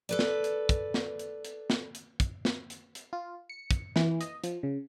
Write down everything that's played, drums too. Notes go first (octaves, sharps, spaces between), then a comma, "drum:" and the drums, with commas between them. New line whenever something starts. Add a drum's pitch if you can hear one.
A4 B4 D5
drum: snare
drum: hi-hat
drum: kick, hi-hat
drum: snare
drum: hi-hat
drum: hi-hat
drum: snare
drum: hi-hat
drum: kick, hi-hat
drum: snare
drum: hi-hat
drum: hi-hat
F4
C#7
drum: kick, hi-hat
E3, drum: snare
D#5, drum: hi-hat
F3, drum: hi-hat
C#3